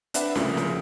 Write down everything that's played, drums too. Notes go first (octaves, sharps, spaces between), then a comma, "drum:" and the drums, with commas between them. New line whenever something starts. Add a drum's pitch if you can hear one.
C4 D4 B4 E5 F#5 B5, drum: hi-hat
C2 A2 C#3 F3 A#3, drum: snare
drum: snare